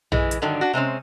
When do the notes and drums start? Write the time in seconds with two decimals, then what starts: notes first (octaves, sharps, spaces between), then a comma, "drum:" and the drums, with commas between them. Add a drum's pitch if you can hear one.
0.12 E3 G#3, drum: tom A#1
0.31 drum: hi-hat
0.42 G2 D3 D#3 F#3
0.61 D4 F#4
0.73 C3 G#3 C4 C#4